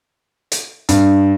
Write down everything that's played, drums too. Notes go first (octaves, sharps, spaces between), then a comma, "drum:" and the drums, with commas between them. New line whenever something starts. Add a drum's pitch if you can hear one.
drum: hi-hat
G2, drum: hi-hat